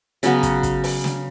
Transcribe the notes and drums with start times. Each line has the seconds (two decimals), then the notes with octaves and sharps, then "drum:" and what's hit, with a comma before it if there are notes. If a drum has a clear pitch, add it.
0.23 C#3 F#3 B3 F#4, drum: hi-hat
0.43 drum: kick, hi-hat
0.63 drum: kick, hi-hat
0.84 drum: open hi-hat
1.04 drum: snare